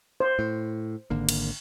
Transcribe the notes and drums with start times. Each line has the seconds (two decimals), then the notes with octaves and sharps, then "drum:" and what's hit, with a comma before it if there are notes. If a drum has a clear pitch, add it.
0.20 C5
0.39 A2
1.10 G#1 D3 A#3
1.29 drum: cymbal